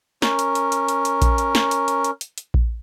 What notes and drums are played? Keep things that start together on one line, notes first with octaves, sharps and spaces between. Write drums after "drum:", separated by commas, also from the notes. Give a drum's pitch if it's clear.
C#4 A#4, drum: snare
drum: hi-hat
drum: hi-hat
drum: hi-hat
drum: hi-hat
drum: hi-hat
drum: kick A#1, hi-hat
drum: hi-hat
drum: snare
drum: hi-hat
drum: hi-hat
drum: hi-hat
drum: hi-hat
drum: hi-hat
drum: kick A#1